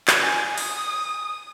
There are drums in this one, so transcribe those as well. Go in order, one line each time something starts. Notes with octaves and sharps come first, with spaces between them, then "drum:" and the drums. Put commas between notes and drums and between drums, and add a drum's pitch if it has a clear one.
drum: clap
G#5
D#6, drum: open hi-hat